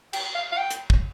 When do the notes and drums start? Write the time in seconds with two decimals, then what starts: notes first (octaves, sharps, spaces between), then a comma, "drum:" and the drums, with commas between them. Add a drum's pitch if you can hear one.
0.13 G5, drum: cymbal
0.35 F5
0.52 F5
0.57 G5
0.71 drum: hi-hat
0.90 drum: kick